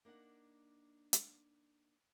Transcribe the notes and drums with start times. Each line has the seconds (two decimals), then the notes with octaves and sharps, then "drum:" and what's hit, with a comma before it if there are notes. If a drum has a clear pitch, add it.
0.05 A#3 D4 D#4 F#5
1.13 drum: hi-hat